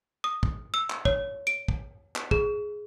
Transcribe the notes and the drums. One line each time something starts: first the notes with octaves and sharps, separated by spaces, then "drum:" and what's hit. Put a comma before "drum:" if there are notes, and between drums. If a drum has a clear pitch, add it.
D#6
drum: kick
E6
drum: clap
C#5, drum: kick
D7
drum: kick
drum: clap
G#4, drum: kick